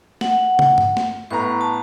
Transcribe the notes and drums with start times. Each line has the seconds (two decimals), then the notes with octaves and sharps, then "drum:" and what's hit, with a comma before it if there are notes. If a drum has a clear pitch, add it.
0.21 F#5, drum: snare
0.59 drum: tom
0.78 drum: tom G2
0.97 drum: snare
1.31 A2 B3 A#5 C#6
1.61 A5